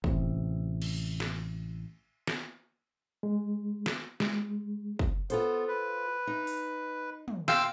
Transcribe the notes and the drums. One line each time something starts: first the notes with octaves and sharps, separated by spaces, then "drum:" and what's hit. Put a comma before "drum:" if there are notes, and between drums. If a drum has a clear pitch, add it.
A1 C3, drum: kick
drum: cymbal
drum: snare
drum: snare
G#3
drum: snare
G#3, drum: snare
drum: kick
B3 F4 A4 C5, drum: hi-hat
B4
D#4
drum: open hi-hat
drum: tom
F5 G5 C6 E6, drum: snare